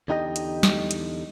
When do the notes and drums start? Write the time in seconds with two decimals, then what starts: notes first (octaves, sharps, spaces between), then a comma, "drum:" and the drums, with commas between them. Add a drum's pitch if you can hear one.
0.08 E2 D3 D#4 G4 A#4 D#5
0.36 drum: hi-hat
0.63 drum: snare
0.91 drum: hi-hat